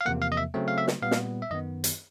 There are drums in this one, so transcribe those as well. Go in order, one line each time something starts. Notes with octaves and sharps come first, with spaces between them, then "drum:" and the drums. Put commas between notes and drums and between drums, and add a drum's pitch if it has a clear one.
F5
E2 C3 F3 A#3 F#5
F5
D#5
E5
C#3 F#3 A3 C4
F5
E5
drum: snare
A#2 G3 B3 F5
drum: snare
E5
F#2 D#3 F#3 B3 D#5
drum: hi-hat